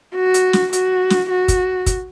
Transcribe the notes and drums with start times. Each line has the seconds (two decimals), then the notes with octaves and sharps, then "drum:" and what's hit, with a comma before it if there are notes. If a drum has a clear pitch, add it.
0.15 F#4
0.34 drum: hi-hat
0.53 drum: snare
0.73 F#4, drum: hi-hat
1.10 drum: snare
1.30 F#4
1.48 drum: kick, hi-hat
1.86 drum: kick, hi-hat